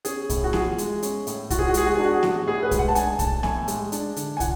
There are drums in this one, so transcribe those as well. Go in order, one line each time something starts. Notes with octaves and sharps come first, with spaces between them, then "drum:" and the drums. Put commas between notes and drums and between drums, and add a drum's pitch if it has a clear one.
C#4 G#4, drum: hi-hat
A2, drum: kick, hi-hat
F#4
F4 G#4, drum: snare B3
G#3, drum: hi-hat
C#4, drum: hi-hat
A2, drum: hi-hat
F4 F#4, drum: kick, hi-hat
G#4
F#4
G#3 G#4, drum: hi-hat
F#4
D4 G#4
F#4
G#4
A2 F#4, drum: snare B3
A2 G#4
B4
G#3, drum: kick, hi-hat
F#5
A5
D4 G#5, drum: hi-hat
A2 A5, drum: kick, hi-hat
A2 G#5, drum: snare B3
G#3, drum: hi-hat
D4, drum: hi-hat
D3, drum: hi-hat
G#5
F4 F#5, drum: kick, hi-hat